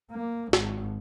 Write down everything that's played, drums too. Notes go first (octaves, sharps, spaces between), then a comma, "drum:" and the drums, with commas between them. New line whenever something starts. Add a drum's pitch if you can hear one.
A#3
G#1, drum: snare